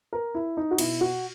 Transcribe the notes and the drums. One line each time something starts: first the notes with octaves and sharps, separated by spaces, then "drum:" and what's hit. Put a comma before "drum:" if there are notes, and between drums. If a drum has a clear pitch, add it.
A#4
E4
D#4
F#4
B2 E4, drum: cymbal
F#4